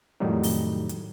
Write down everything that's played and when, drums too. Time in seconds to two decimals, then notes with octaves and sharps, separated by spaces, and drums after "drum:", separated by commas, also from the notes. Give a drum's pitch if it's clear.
0.20 F2 A2 D#3 F#3 G3 D#4
0.43 drum: open hi-hat
0.89 drum: hi-hat